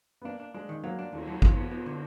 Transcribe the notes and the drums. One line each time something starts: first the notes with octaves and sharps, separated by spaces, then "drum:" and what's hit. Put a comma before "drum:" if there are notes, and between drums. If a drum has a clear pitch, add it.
B3
A#3 D4
D4
G#3 D4
D#3
F#3 A#3
D4
D#2, drum: cymbal
F#3
F3, drum: kick G#1
B3
B3
D3